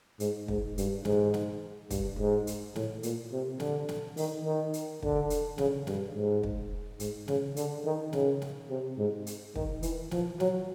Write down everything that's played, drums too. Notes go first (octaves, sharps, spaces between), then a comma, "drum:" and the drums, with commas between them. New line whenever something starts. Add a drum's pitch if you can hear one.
G#2, drum: hi-hat
G#2, drum: kick
G2, drum: hi-hat
G#2, drum: snare
drum: snare
G2, drum: kick, hi-hat
G#2
drum: hi-hat
A2, drum: snare
A#2, drum: hi-hat
C3
D3, drum: snare
drum: snare
D#3, drum: open hi-hat
D#3
drum: hi-hat
D3, drum: kick
drum: hi-hat
C#3, drum: snare
G2, drum: snare
G#2
drum: kick
G#2, drum: hi-hat
C#3, drum: snare
D3, drum: hi-hat
D#3
C#3, drum: snare
drum: snare
C3
G#2
drum: hi-hat
D#3, drum: kick
E3, drum: hi-hat
F3, drum: snare
F#3, drum: snare